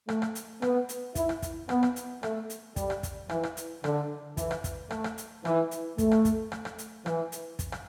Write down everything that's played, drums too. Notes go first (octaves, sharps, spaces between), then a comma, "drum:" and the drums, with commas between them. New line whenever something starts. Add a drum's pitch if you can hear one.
A3, drum: rim click
drum: rim click
drum: hi-hat
B3, drum: rim click
drum: hi-hat
E4, drum: kick, hi-hat
drum: rim click
drum: kick, hi-hat
B3, drum: rim click
drum: rim click
drum: hi-hat
A3, drum: rim click
drum: hi-hat
G3, drum: kick, hi-hat
drum: rim click
drum: kick, hi-hat
E3, drum: rim click
drum: rim click
drum: hi-hat
D3, drum: rim click
E3, drum: kick, hi-hat
drum: rim click
drum: kick, hi-hat
A3, drum: rim click
drum: rim click
drum: hi-hat
E3, drum: rim click
drum: hi-hat
A3, drum: kick, hi-hat
drum: rim click
drum: kick, hi-hat
drum: rim click
drum: rim click
drum: hi-hat
E3, drum: rim click
drum: hi-hat
drum: kick, hi-hat
drum: rim click